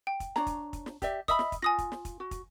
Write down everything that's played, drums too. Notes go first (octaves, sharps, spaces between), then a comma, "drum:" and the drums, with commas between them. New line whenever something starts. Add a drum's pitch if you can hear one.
G5
drum: kick, hi-hat
D4 C#5 A#5, drum: snare
drum: kick, hi-hat
drum: kick, hi-hat
drum: snare
G4 D5 E5, drum: kick, hi-hat
D#5 E5 B5 D#6 E6, drum: kick, hi-hat
drum: snare
drum: kick, hi-hat
F4 G#5 D#6 A#6
drum: kick, hi-hat
drum: snare
drum: kick, hi-hat
F#4
drum: kick, hi-hat